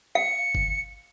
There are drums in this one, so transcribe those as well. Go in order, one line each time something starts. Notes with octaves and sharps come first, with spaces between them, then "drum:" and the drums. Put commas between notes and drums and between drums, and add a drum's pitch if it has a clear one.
F5 C#7
drum: kick G1